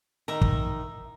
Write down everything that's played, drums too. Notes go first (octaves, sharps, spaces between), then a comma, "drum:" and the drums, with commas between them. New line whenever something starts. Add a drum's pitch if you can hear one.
D#3 E5 A#5
drum: kick